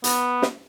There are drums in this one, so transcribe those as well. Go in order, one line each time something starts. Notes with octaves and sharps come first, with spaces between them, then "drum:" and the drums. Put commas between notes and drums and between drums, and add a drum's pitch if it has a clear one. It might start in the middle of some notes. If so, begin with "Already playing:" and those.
B3, drum: hi-hat
drum: snare